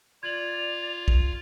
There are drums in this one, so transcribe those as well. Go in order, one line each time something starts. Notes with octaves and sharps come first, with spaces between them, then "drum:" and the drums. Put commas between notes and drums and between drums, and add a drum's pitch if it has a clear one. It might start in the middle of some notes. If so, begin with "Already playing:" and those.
F4 D5 G#6 F7 F#7
drum: kick